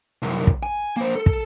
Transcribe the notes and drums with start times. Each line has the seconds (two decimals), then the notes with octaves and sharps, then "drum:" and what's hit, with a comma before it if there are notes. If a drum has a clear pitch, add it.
0.22 C2 F#2
0.47 drum: kick
0.63 G#5
0.96 A#3 C5
1.15 A4
1.26 drum: kick